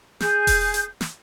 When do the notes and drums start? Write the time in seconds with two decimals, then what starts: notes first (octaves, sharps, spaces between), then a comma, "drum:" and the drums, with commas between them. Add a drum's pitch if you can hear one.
0.20 G#4 G6, drum: snare
0.47 drum: kick E1, open hi-hat
0.74 drum: hi-hat
1.01 drum: snare